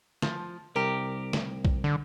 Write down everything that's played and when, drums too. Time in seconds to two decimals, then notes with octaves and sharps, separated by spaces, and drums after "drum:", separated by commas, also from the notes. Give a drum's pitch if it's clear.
0.22 F3, drum: snare
0.76 C2 G4 A#4
1.33 drum: snare
1.65 drum: kick A#1
1.84 D3